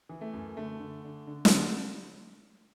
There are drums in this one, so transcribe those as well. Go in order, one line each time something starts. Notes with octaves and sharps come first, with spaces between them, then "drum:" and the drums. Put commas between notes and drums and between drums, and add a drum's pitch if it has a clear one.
E3
A3
F#2
D3 A3
D3
D3
D3
D3 D4, drum: snare